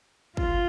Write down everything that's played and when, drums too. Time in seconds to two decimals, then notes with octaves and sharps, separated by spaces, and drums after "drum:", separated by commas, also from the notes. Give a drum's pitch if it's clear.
0.37 F4, drum: kick